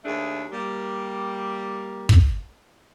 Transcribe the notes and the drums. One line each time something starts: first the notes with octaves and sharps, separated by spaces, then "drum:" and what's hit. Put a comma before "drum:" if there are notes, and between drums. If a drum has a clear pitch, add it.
D#2 A3 D4 G#4
G3 A#3
drum: kick